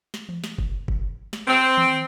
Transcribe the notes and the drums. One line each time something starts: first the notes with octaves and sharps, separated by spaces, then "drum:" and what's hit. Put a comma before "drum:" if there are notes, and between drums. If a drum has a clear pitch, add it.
drum: snare
drum: tom E3
drum: snare
drum: kick
drum: kick
drum: snare
C4
drum: tom D#3